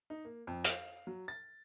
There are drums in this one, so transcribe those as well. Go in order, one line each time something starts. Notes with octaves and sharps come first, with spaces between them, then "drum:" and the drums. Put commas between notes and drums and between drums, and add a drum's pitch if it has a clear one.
D#4
A#3
F2
F5, drum: hi-hat
F#3
A6